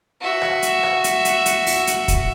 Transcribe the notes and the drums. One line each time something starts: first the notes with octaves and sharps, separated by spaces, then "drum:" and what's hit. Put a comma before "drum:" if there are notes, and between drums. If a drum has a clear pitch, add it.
F#4 E5
drum: rim click
drum: hi-hat
drum: rim click
drum: hi-hat
drum: hi-hat
drum: hi-hat
drum: open hi-hat
drum: hi-hat
drum: kick, hi-hat